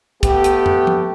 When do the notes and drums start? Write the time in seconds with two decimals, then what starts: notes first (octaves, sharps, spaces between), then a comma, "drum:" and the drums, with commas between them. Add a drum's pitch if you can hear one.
0.23 A3 B3 G4, drum: kick, hi-hat
0.44 drum: hi-hat
0.66 drum: tom
0.87 drum: tom F3